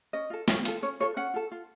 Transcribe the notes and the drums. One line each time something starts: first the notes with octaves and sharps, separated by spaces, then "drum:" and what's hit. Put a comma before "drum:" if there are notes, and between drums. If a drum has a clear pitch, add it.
C#4 D#5
F4 A4
C#4, drum: snare
F4 A4, drum: hi-hat
C#4 C#5
F4 A4 C#5
C#4 F#5
F4 A4
F4